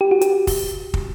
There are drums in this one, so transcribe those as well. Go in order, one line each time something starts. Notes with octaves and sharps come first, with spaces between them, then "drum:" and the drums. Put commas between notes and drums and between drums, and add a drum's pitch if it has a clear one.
G4
F#4
G4, drum: hi-hat
drum: kick, open hi-hat
drum: kick